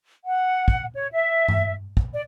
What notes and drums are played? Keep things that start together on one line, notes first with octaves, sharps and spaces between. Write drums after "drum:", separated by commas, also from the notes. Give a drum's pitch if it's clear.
F#5
drum: kick
C#5
E5
drum: tom G2
drum: kick
D5